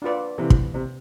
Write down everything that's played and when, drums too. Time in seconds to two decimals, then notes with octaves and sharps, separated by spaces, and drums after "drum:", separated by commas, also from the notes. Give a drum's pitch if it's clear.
0.02 D4 F4 B4 D5
0.38 C3 E3
0.50 drum: kick
0.74 C3